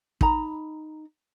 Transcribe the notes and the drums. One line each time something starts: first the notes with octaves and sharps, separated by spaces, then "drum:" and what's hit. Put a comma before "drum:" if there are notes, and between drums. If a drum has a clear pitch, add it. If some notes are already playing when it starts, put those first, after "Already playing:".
D#4 A#5 B5, drum: kick